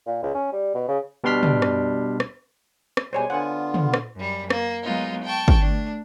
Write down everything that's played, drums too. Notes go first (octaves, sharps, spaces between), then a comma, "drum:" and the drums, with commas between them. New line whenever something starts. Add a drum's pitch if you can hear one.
A#2
C#2
C#4
G3
B2
C#3
B2 G3 D4 C6 F6 B6
drum: tom
drum: rim click
drum: rim click
drum: rim click
B2 G3 G#3 C5 C#5 G#5
D3 B3 F4 F#5 G#5
drum: tom
drum: rim click
F#2 G3
A#3, drum: rim click
F#3 G#3 B3 D#4 F4
G5 A5 C#6
drum: kick
A3 D4